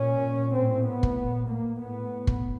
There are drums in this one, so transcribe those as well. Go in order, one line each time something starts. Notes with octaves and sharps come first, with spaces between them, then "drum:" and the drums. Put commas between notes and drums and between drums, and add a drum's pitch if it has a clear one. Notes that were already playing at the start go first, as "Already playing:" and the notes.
Already playing: A#2 C#4
A2 C4
B3
drum: kick
A#2
A#3
A2 B3
drum: kick